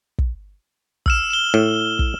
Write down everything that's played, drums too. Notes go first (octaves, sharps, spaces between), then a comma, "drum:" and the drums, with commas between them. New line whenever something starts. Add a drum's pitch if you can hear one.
drum: kick
E6 F6 E7, drum: kick
E7 G7
A2
drum: kick